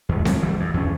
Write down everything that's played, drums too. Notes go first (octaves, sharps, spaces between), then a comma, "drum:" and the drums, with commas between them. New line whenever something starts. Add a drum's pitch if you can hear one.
E2 D#3 G#3
C#2 F#2 F3 F#3, drum: snare C4
F#1 E3 G3
F2
E2 D3 G3 C#4